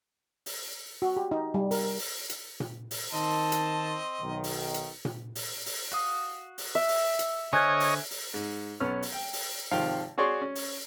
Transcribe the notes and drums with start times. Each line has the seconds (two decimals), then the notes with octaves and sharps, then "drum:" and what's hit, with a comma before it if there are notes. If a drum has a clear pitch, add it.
0.46 drum: open hi-hat
1.02 F#4
1.17 G4
1.31 D#4
1.54 G3
1.71 A#4, drum: open hi-hat
1.84 A#4
1.99 drum: open hi-hat
2.30 drum: hi-hat
2.60 drum: tom A#2
2.91 drum: open hi-hat
3.13 D#3 C4 D#5 A5 C6
3.52 drum: hi-hat
4.21 B1 D#3
4.44 drum: open hi-hat
4.74 drum: hi-hat
5.05 drum: tom A#2
5.35 drum: open hi-hat
5.66 drum: open hi-hat
5.92 F#4 F5 D#6
6.58 drum: open hi-hat
6.75 E5
6.88 drum: open hi-hat
7.19 drum: hi-hat
7.53 D3 C5 C#5 D#5 G#5 F6 F#6 G#6
7.80 drum: open hi-hat
8.11 drum: open hi-hat
8.34 G#2
8.80 B1 B3 C#4 F6
9.02 drum: open hi-hat
9.13 G5
9.33 drum: open hi-hat
9.71 G#1 C3 D#3 F3 F5 G5
10.18 F#4 G#4 C#5 D5 C6 C#6
10.41 C#4
10.55 drum: open hi-hat